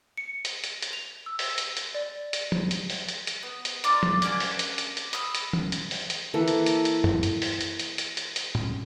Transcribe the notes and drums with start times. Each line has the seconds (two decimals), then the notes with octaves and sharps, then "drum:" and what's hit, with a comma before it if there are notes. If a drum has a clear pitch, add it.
0.17 C#7
0.45 drum: hi-hat
0.64 drum: hi-hat
0.82 drum: hi-hat
0.93 F7
1.26 E6
1.39 drum: open hi-hat
1.58 drum: hi-hat
1.77 drum: hi-hat
1.94 D5
2.33 drum: hi-hat
2.52 drum: tom
2.71 drum: hi-hat
2.90 drum: open hi-hat
3.09 drum: hi-hat
3.27 drum: hi-hat
3.43 B3
3.65 drum: hi-hat
3.84 D4 F4 A#4 D5, drum: hi-hat
4.03 drum: tom
4.22 A#3 C#4 D4 F#5, drum: hi-hat
4.40 drum: open hi-hat
4.59 drum: hi-hat
4.78 drum: hi-hat
4.97 drum: hi-hat
5.13 B5 D#6 E6, drum: hi-hat
5.35 drum: hi-hat
5.53 drum: tom
5.72 drum: hi-hat
5.91 drum: open hi-hat
6.10 drum: hi-hat
6.34 E3 A#3 A4
6.48 drum: hi-hat
6.66 drum: hi-hat
6.85 drum: hi-hat
7.04 drum: tom F#2
7.23 drum: hi-hat
7.42 drum: open hi-hat
7.61 drum: hi-hat
7.79 drum: hi-hat
7.98 drum: hi-hat
8.17 drum: hi-hat
8.36 drum: hi-hat
8.55 drum: tom A2